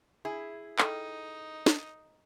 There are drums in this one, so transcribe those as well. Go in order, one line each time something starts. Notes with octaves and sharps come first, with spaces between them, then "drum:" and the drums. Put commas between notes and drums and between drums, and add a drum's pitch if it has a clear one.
E4 G#4
D#4 A4 G5, drum: clap
drum: snare